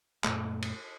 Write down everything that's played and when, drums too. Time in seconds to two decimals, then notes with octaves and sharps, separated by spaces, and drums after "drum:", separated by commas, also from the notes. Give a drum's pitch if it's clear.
0.24 F#2 A#2 A3, drum: clap
0.62 drum: cymbal